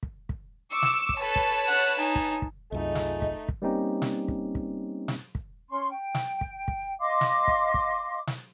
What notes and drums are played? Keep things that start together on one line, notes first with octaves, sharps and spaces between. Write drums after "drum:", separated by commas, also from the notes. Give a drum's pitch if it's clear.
drum: kick
drum: kick
C#6 D6 E6
drum: snare
drum: kick
A4 B4 C#5 A5
drum: kick
F#5 F#6
D#4 G#5
drum: kick
drum: kick
C2 F#2 A3 D#4 F4 G#4 D#5
drum: snare
drum: kick
drum: kick
G3 A#3 C4 C#4 D#4 G4
drum: snare
drum: kick
drum: kick
drum: snare
drum: kick
C#4 C6 C#6
G5
drum: snare
drum: kick
drum: kick
D#5 F5 C6 D6
drum: snare
drum: kick
drum: kick
drum: snare